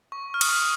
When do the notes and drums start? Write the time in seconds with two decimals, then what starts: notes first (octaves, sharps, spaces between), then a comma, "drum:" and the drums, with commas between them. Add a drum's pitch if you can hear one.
0.12 C#6
0.34 F6
0.41 D#6, drum: cymbal
0.49 C#6
0.56 D#6